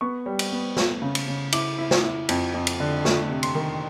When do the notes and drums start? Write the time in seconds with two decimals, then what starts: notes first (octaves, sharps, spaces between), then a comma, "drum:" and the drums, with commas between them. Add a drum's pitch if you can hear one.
0.01 B3 C#6
0.26 G3
0.39 drum: cymbal
0.52 B3
0.77 A3, drum: snare
1.02 C#3
1.15 drum: cymbal
1.28 C#3
1.52 E4 D6, drum: cymbal
1.78 E4
1.91 drum: snare
2.03 E4
2.29 F2, drum: cymbal
2.54 F2
2.67 drum: cymbal
2.80 D3
3.05 A3 C#6, drum: snare
3.30 C3
3.43 C6, drum: cymbal
3.55 D#3